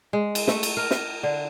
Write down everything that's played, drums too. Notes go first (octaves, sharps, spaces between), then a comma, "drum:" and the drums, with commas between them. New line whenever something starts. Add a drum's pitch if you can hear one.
G#3
drum: cymbal
A3, drum: snare
drum: cymbal
A#4
drum: snare
D3